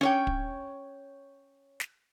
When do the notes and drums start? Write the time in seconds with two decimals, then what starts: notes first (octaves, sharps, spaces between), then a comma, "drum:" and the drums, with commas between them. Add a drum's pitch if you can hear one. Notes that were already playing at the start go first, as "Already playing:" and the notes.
0.01 C#4 C#5 G5
0.27 drum: kick
1.80 drum: snare